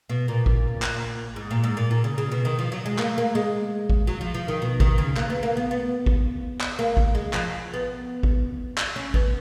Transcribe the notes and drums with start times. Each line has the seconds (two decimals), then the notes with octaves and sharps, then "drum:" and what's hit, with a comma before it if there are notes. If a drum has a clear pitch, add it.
0.09 B2
0.28 A#2
0.46 drum: kick A1
0.82 drum: clap
1.36 G#2
1.51 A#2
1.64 G#2
1.77 A#2
1.91 A#2
2.04 C#3
2.18 C#3
2.32 B2
2.45 D#3
2.59 F3
2.72 F#3
2.86 G#3
2.99 A#3, drum: clap
3.18 A#3
3.35 G#3
3.90 drum: kick A1
4.07 F#3
4.21 F3
4.34 F3
4.48 D#3
4.62 B2
4.80 D#3, drum: kick A1
4.98 C#3
5.17 A#3, drum: clap
5.30 B3
5.43 A#3
5.57 B3
5.71 B3
6.06 drum: kick A1
6.61 drum: clap
6.79 A#3
6.97 drum: kick A1
7.15 G#3
7.33 F3, drum: clap
7.74 B3
8.23 drum: kick A1
8.78 drum: clap
8.96 C#4
9.14 B3, drum: kick A1